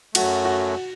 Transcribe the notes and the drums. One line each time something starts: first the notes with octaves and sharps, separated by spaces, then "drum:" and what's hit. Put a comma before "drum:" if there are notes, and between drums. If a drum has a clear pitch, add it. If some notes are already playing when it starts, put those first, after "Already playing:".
F#2 F#3 A3 F#4, drum: cymbal
F#4